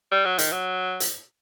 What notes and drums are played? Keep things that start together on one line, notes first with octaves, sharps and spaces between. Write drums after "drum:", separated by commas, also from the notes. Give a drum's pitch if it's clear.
G3
F#3
D#3, drum: hi-hat
F#3
drum: hi-hat